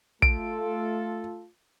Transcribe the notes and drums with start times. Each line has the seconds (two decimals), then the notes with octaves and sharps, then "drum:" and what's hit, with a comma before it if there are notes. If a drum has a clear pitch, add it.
0.22 A3 F4 A4 D7, drum: kick